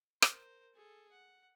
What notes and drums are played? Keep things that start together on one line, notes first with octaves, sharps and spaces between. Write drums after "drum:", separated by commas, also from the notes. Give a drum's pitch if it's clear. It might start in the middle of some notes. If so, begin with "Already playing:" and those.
A#4 C5, drum: rim click
G#4 A4
F#5